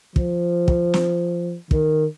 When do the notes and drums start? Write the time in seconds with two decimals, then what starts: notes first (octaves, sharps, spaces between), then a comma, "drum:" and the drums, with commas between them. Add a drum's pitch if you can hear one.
0.16 F3, drum: kick
0.68 drum: kick
0.94 drum: snare
1.71 D#3, drum: kick